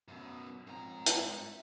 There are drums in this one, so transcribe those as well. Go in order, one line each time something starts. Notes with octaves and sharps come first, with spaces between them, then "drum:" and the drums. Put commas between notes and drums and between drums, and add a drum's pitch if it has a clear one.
F#2 B2
G#2 C4 A#4 C#5 A#5
drum: hi-hat
E5